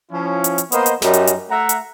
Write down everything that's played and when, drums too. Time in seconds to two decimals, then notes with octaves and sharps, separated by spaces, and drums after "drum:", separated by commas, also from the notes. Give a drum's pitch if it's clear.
0.12 F3 C#4 E4
0.44 drum: hi-hat
0.58 drum: hi-hat
0.72 A#3 B3 A#4 C5 D#5, drum: hi-hat
0.86 drum: hi-hat
1.02 F#2 G3 D#4, drum: snare
1.13 drum: hi-hat
1.27 drum: hi-hat
1.49 A3 E5 F#5 A#5
1.69 drum: hi-hat